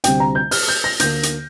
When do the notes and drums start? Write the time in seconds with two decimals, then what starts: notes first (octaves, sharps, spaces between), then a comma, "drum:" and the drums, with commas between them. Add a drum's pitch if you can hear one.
0.04 D2 C3 G3 C4 G5, drum: hi-hat
0.20 A#5
0.35 G6
0.51 F6, drum: open hi-hat
0.68 G6
0.84 A#6
1.00 D2 D3 A#3 G6, drum: hi-hat
1.23 drum: hi-hat